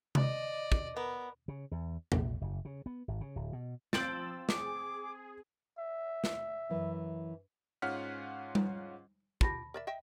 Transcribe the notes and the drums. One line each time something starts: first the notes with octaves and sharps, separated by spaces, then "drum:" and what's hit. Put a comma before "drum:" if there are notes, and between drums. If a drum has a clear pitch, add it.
D5 D#5, drum: tom C3
drum: kick
B3 A#4
C#3
E2
A#1, drum: tom
F#1
C#3
B3
G#1
C#3
D1
B2
F3 C4 E6 G6 A6 D7 F#7, drum: snare
G#4 D6, drum: snare
E5
drum: snare
F#2 E3
G#2 C#4 F4 F#5 F6 B6
drum: tom G3
F4 G4 A5 B5 A#6, drum: kick
A#4 D5 E5
D#5 E5 G5